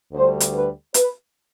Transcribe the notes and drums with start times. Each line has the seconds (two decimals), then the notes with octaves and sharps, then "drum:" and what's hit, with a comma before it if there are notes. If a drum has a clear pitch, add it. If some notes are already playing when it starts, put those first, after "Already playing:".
0.13 D2 D3 G3 C5
0.40 drum: hi-hat
0.54 B4
0.94 B4, drum: hi-hat